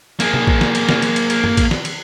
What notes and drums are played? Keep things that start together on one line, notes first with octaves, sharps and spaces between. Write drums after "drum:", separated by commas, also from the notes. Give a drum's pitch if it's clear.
A#3 G#4, drum: cymbal
drum: tom
drum: kick A#1
drum: snare
drum: cymbal
drum: snare
drum: cymbal
drum: cymbal
drum: cymbal
drum: tom F#2
drum: kick A#1, cymbal
drum: snare
drum: cymbal